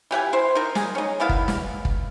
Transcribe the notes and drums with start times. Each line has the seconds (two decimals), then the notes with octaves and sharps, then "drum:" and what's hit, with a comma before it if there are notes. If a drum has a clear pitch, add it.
0.11 E3 G4 F#5 G#5
0.33 E4 C5
0.55 D#4 A#4
0.75 G#3 G#4, drum: snare
0.95 C#4 D#4
1.20 D#3 B3 E4 F5
1.29 drum: kick
1.48 drum: snare
1.85 drum: kick